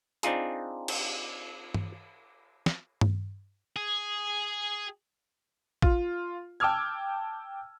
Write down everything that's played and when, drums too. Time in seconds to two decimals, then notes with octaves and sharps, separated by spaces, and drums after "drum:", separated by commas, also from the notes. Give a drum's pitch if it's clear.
0.23 C4 D4 D#4 F4 G#4, drum: hi-hat
0.88 drum: cymbal
1.74 drum: tom G2
2.66 drum: snare
3.01 drum: tom G2
3.76 G#4
5.82 F4, drum: kick A1
6.60 G5 A5 D6 E6 F6 G#6